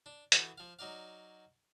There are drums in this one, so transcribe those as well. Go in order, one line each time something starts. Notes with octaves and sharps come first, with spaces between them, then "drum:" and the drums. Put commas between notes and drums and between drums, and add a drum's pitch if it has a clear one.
D4
E3 F#4 A4 D#6, drum: hi-hat
F3 F5
F#3 D#4 D5 F5